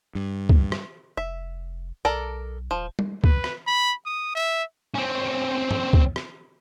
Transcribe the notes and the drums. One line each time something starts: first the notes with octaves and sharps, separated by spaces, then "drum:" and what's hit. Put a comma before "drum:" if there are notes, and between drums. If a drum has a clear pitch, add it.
G2
drum: kick
drum: rim click
F1 E5
B1 A4 A#4 D5
D#1 F3
drum: tom G3
B4, drum: kick
drum: rim click
B5
D#6
E5
C4 C#4
drum: tom
drum: kick
drum: rim click